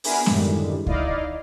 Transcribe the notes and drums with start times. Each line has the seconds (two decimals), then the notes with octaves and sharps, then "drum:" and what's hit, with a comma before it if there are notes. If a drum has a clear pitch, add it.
0.04 B3 D4 E4 G#4 A#4 B4, drum: open hi-hat
0.26 F#2 A2 D3 D#3 G3 G#3, drum: snare B3
0.87 D#4 E4 D5 D#5 F5, drum: kick C#2